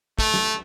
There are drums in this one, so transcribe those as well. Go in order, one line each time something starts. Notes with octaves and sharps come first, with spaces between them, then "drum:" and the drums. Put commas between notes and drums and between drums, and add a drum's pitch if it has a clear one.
A3, drum: kick
drum: snare